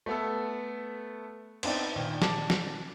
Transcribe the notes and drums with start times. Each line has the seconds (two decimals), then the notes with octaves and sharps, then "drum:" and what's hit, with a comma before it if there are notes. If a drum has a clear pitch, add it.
0.06 A3 B3 A4
1.63 B3 C4 D4 D#4 D5, drum: cymbal
1.96 A#2 D#3
2.22 D5 A5 D6, drum: snare
2.50 drum: snare